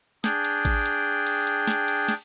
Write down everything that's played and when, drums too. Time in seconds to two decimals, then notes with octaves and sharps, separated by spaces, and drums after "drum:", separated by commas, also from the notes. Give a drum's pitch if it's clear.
0.24 D4 G#4 G5, drum: snare
0.44 drum: cymbal
0.65 drum: kick A1, cymbal
0.85 drum: cymbal
1.26 drum: cymbal
1.47 drum: cymbal
1.67 drum: snare
1.88 drum: cymbal
2.08 drum: snare